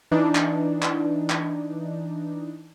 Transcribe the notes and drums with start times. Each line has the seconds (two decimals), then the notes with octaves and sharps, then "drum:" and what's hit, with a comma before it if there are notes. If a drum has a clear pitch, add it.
0.11 E3 D4 D#4
0.35 drum: clap
0.83 drum: clap
1.30 drum: clap